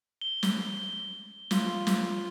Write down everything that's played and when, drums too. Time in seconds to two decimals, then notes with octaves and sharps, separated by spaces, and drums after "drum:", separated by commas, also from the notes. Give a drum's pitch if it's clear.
0.21 G7
0.43 drum: snare
1.51 F4, drum: snare
1.87 drum: snare